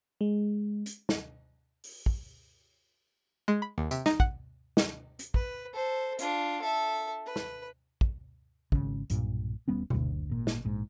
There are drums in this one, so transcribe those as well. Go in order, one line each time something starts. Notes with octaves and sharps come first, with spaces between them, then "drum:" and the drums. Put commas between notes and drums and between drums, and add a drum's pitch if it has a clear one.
G#3
drum: hi-hat
drum: snare
drum: open hi-hat
drum: kick
G#3
B5
D#2
C3, drum: tambourine
D#4, drum: snare
F#5, drum: kick
drum: snare
drum: hi-hat
B4, drum: kick
A4 C5
D4 F4, drum: hi-hat
A4 E5
B4
drum: snare
drum: kick
G#1 C#3, drum: kick
B1 G2 A#2, drum: hi-hat
D#1 G3 B3 C#4
F#1 D2, drum: tom B2
G#1 A#2
drum: snare
A#1 G#2